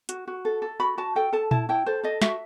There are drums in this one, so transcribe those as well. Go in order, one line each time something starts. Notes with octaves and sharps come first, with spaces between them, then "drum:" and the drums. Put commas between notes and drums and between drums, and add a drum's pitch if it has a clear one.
F#4, drum: hi-hat
F#4
A4
A4
F#4 B5
F#4 A5
A4 G5
A4 A5
E4 A5, drum: tom A#2
E4 G5
A4 C5
A4 D#5
F#4 E5, drum: snare